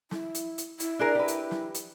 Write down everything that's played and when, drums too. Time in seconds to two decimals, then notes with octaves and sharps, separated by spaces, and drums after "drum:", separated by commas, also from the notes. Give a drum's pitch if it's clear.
0.11 E4, drum: snare
0.35 drum: hi-hat
0.58 drum: hi-hat
0.80 E4, drum: hi-hat
0.99 D4 G#4 A#4
1.15 G4 B4
1.28 drum: hi-hat
1.51 drum: snare
1.74 drum: hi-hat